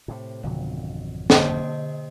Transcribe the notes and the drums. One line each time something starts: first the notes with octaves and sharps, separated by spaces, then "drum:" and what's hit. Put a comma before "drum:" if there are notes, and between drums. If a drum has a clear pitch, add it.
A2 C3
G#1 F2 B2 D3 F#3
D3 A#3 C5 D#5, drum: snare